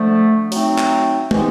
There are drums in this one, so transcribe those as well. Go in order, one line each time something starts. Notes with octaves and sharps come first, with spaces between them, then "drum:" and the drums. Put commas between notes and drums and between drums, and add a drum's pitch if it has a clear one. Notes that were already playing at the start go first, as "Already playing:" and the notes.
Already playing: D3 F3 A3
F#3 A3 C4 D#4, drum: open hi-hat
drum: clap
C3 E3 G#3 B3 D#4, drum: tom